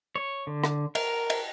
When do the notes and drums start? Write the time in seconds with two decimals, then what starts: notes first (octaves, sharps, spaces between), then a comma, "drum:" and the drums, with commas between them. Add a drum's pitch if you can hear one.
0.16 C#5
0.47 D3
0.64 drum: rim click
0.95 A#4, drum: cymbal
1.30 drum: cymbal